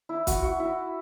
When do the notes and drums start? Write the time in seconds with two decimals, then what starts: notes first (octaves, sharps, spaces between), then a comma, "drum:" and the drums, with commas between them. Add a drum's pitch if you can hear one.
0.09 E4
0.27 F#4, drum: kick, hi-hat
0.43 F#4
0.60 E4